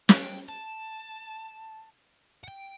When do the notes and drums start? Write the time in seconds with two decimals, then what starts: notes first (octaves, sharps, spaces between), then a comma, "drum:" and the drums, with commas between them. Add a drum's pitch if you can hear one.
0.09 G5, drum: snare
0.49 A5
2.44 F#5
2.48 G5